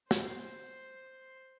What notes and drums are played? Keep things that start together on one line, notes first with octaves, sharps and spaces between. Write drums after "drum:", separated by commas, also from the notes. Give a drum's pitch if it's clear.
C5 C6, drum: snare